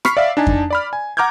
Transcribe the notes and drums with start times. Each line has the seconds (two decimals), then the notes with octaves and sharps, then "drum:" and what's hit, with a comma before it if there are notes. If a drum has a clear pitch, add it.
0.05 B5 C#6 F6 B6 C7, drum: rim click
0.17 D5 E5 F5
0.37 D4 D#4 G#5 A5
0.47 drum: kick F2
0.70 D5 B5 F6
0.93 G#5
1.17 F#5 A#5 D6 F6 G6 G#6